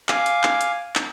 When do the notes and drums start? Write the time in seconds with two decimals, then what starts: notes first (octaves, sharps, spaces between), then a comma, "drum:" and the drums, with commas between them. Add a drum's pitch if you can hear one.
0.09 F5 G#5 D6, drum: clap
0.26 drum: hi-hat
0.43 drum: clap
0.61 drum: hi-hat
0.95 drum: clap